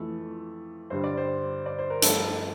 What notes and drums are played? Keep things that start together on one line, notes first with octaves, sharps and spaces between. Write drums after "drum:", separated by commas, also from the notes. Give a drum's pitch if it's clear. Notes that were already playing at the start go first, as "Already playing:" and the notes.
Already playing: F2 E3 A3
G2 D3 G3 C5
D5
C5
D5
C5
A#4
G2 F3 A3 A4, drum: hi-hat